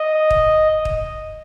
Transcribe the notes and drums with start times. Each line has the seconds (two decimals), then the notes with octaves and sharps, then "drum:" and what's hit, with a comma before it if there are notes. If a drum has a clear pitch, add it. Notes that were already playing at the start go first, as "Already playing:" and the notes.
Already playing: D#5
0.30 drum: kick
0.85 drum: kick